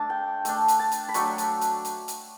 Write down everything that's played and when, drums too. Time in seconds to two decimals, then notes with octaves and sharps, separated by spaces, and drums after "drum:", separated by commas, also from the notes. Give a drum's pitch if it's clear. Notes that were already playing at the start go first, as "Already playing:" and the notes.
Already playing: A3 D4 A5
0.10 G5
0.45 A3 D4, drum: hi-hat
0.68 drum: hi-hat
0.79 A5
0.92 drum: hi-hat
1.09 B5
1.14 F#3 A3 D4 C#6, drum: hi-hat
1.38 drum: hi-hat
1.61 drum: hi-hat
1.85 drum: hi-hat
2.08 drum: hi-hat